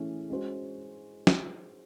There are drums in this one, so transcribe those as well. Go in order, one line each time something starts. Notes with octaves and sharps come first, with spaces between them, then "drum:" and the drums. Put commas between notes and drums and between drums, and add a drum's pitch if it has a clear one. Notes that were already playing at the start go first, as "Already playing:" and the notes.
Already playing: E3 A3 C#4 G#4
G#3 C#4 F#4 C5
drum: snare